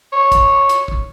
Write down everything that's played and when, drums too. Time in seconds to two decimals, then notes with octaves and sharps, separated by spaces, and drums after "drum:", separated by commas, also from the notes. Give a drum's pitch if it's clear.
0.13 C#5
0.32 drum: kick, hi-hat
0.69 drum: hi-hat
0.88 drum: kick